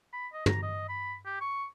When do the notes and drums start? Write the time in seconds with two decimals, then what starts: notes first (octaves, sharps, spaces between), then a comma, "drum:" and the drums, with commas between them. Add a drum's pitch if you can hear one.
0.13 B5
0.33 D#5
0.46 A#5, drum: tom
0.63 D#5
0.89 B5
1.25 G4
1.41 C#6